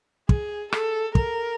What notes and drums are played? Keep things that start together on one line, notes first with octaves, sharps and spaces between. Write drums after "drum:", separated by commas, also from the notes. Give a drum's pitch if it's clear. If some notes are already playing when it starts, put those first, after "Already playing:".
G#4, drum: kick
A4, drum: rim click
A#4, drum: kick